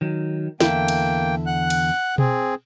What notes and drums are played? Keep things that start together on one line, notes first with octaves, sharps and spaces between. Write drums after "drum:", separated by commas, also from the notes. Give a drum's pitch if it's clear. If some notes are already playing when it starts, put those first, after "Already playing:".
D#3 F#3
E2 D3 A#3 E4 G5, drum: snare
drum: cymbal
F#5 F#6
drum: cymbal
C4 G#4, drum: tom B2